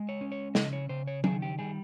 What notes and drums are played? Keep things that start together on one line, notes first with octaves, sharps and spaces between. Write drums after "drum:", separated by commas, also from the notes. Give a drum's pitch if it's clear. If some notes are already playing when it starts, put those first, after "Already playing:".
Already playing: G#3
C#5
C#4
C#5
C#3 D#5, drum: snare
C#5
C#3 C5
C#5
D#3 G#4, drum: tom F#3
G4
G3 G#4